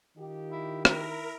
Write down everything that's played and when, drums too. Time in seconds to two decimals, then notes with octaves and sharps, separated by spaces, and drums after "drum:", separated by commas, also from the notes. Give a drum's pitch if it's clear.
0.17 D#3 D#4 F4 G4
0.51 E4
0.85 E4 A#4, drum: rim click